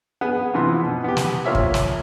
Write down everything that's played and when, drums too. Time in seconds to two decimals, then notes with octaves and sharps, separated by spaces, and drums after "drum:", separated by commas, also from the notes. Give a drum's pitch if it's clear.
0.21 B3 G#4
0.54 C3 E3 F3 B3 C6
0.83 B2
1.04 B3 G4
1.17 drum: snare
1.46 A#3 F4 A#4 C#5 E5
1.55 drum: kick
1.74 drum: snare